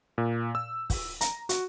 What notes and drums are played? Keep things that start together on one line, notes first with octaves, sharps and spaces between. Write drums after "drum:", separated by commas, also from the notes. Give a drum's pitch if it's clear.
A#2
E6
drum: kick, open hi-hat
A#5, drum: hi-hat
F#4, drum: hi-hat